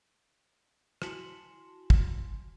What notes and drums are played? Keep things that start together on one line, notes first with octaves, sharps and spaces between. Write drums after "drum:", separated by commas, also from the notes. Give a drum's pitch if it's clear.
E4 F#4 G#5 A5 C6, drum: rim click
drum: kick